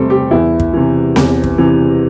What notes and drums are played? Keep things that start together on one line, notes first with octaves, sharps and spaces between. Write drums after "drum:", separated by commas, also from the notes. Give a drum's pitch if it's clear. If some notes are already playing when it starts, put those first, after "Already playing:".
Already playing: E2 C3 G3 A3 C4 A4
G4
E2 E4
drum: kick
C3 E3
E2, drum: snare C4
drum: kick
C3 E3